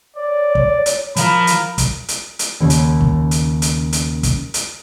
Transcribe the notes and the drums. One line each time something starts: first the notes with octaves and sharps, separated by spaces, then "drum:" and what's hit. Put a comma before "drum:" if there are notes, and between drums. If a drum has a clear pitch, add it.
C#5 D5
drum: kick
drum: hi-hat
F3 A#4 F5 B5, drum: hi-hat
drum: hi-hat
drum: kick, hi-hat
drum: hi-hat
drum: hi-hat
D#2 C#3
drum: hi-hat
drum: kick
drum: hi-hat
drum: hi-hat
drum: hi-hat
drum: kick, hi-hat
drum: hi-hat